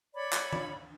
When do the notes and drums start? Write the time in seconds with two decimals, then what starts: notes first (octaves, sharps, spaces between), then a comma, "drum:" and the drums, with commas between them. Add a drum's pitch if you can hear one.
0.15 C#5 D5 B5
0.33 drum: clap
0.53 drum: tom D#3